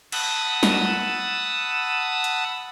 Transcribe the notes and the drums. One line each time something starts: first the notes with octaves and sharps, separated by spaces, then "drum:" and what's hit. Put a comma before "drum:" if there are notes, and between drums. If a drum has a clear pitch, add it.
F#5 A5 B5 D#6 E6, drum: cymbal
drum: snare
drum: hi-hat